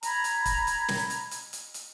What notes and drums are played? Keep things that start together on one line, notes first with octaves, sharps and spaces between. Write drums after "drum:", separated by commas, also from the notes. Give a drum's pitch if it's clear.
A#5 B5 G#6, drum: hi-hat
drum: hi-hat
drum: kick, hi-hat
drum: hi-hat
drum: snare
drum: hi-hat
drum: hi-hat
drum: hi-hat
drum: hi-hat